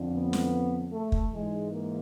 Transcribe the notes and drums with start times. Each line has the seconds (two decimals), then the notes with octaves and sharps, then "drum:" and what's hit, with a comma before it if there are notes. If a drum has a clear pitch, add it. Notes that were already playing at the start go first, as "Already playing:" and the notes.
Already playing: F2 D3
0.13 B3
0.33 drum: snare
0.92 A3
1.12 drum: kick
1.32 G#2 E3 G#3
1.71 A#3